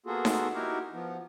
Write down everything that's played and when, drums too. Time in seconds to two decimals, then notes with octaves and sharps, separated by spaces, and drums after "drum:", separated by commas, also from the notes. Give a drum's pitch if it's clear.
0.06 A#3 B3 F4 F#4 G#4 A4
0.25 drum: snare D#4
0.54 D#4 E4 F#4 G4 A#4
0.93 F3 B3